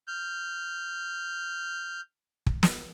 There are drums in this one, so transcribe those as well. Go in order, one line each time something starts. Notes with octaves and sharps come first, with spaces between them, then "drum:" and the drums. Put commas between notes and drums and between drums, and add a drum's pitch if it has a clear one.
F6 G6
drum: kick
drum: snare